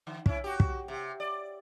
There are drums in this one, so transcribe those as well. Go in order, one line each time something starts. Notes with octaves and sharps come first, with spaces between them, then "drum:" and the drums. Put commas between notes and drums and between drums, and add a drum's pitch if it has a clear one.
D3
C#4 E4, drum: kick
F#4 G4
drum: kick
C3
D5